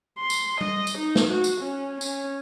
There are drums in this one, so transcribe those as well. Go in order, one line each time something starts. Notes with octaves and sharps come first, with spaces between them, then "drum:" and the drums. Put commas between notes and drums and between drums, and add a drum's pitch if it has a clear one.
C6
drum: tambourine
D#5, drum: tom G3
drum: tambourine
D#4
drum: snare
F#4
drum: tambourine
C#4
C#4, drum: tambourine